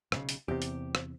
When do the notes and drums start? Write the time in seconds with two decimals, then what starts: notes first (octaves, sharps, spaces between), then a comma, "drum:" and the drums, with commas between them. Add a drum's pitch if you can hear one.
0.12 B1 A#2 C#3, drum: rim click
0.29 drum: hi-hat
0.48 E2 C3 G4
0.62 drum: hi-hat
0.95 drum: rim click